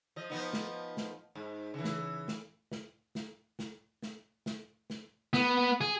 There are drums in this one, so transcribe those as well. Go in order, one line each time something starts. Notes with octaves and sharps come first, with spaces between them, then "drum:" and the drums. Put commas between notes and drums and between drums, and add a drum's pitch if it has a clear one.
F3 D#5
F3 B3 D#4
drum: snare
drum: snare
G#2
C#3 E3
drum: snare
drum: snare
drum: snare
drum: snare
drum: snare
drum: snare
drum: snare
drum: snare
B3, drum: snare
G#4